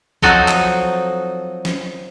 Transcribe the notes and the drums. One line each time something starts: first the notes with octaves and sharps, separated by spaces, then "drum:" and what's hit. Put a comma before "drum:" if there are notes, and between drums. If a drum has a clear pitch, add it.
F3 F#3 C4 D#4 F#4 A4, drum: kick
drum: clap
drum: snare